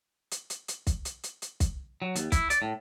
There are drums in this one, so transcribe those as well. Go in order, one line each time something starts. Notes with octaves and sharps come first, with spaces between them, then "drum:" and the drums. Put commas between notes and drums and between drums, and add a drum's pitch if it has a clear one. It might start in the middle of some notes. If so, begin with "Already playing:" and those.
drum: hi-hat
drum: hi-hat
drum: hi-hat
drum: kick, hi-hat
drum: hi-hat
drum: hi-hat
drum: hi-hat
drum: kick, hi-hat
F#3
D#2, drum: hi-hat
E4, drum: kick, hi-hat
D5, drum: hi-hat
A2